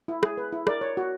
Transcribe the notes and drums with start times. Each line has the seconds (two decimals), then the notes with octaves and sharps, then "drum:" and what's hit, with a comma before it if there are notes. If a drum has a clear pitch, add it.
0.08 E4
0.23 G#4, drum: rim click
0.38 B4
0.52 E4
0.67 A#4 D5, drum: rim click
0.81 C#5
0.97 F#4